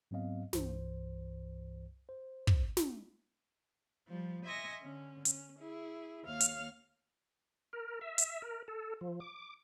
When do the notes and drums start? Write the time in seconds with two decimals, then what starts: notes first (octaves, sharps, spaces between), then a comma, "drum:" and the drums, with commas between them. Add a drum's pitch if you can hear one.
0.11 G#2 F#3 B3 C4 D#5 F5
0.53 C2 G2 E3 C5, drum: snare
2.09 C5
2.47 drum: kick
2.77 drum: snare
4.08 F3 G3
4.45 D#5 E5 G#5 C6 C#6 A#6
4.81 D3 C#4
5.25 C#4, drum: hi-hat
5.58 E4 G#4
6.24 D#2 C#5 F5 F6
6.40 drum: hi-hat
7.73 A#4
8.01 E5
8.18 drum: hi-hat
8.42 A#4
8.68 A4
9.01 F3
9.20 D6